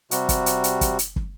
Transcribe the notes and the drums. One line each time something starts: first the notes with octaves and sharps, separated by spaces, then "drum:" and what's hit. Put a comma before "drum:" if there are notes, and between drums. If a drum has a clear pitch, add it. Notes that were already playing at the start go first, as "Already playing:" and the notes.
C3 G3 F#4, drum: hi-hat
drum: kick, hi-hat
drum: hi-hat
drum: hi-hat
drum: kick, hi-hat
drum: hi-hat
drum: kick